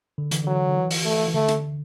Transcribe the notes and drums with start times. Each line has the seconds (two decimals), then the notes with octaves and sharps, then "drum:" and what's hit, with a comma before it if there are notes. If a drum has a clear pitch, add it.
0.18 D3
0.31 E3, drum: hi-hat
0.44 D3 F#3
0.69 D3
0.77 E3
0.91 drum: open hi-hat
1.05 A3
1.28 E3
1.34 D3 A3
1.48 drum: hi-hat